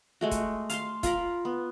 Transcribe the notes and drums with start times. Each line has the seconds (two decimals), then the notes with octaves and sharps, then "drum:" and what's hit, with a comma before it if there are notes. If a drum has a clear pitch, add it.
0.21 G#3 A3 F#4
0.31 drum: kick, hi-hat
0.70 F5 A5 C6, drum: hi-hat
1.03 F4 A#4 A#5 B5, drum: kick, hi-hat
1.45 B3